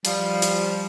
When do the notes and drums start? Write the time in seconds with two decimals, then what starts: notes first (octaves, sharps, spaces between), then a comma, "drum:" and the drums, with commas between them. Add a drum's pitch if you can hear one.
0.05 F3 G3, drum: hi-hat
0.42 drum: hi-hat